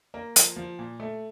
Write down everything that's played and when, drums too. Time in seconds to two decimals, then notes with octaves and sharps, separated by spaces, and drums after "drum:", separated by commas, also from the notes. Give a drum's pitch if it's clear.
0.14 A#3
0.36 F3, drum: hi-hat
0.56 F3
0.79 A#2
1.00 A3